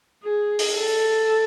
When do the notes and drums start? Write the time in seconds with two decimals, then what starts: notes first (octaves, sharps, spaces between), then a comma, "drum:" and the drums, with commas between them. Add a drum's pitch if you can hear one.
0.24 G#4
0.59 drum: open hi-hat
0.78 A4